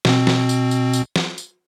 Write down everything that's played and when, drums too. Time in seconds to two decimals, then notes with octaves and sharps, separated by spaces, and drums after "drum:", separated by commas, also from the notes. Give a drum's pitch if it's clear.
0.05 B2 C4, drum: snare
0.27 drum: snare
0.49 drum: tambourine
0.71 drum: tambourine
0.93 drum: tambourine
1.16 drum: snare
1.38 drum: tambourine